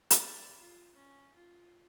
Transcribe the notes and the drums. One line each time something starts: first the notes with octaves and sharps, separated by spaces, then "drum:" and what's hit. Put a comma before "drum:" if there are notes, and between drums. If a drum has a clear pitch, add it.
D5, drum: hi-hat
F4
C#4
F4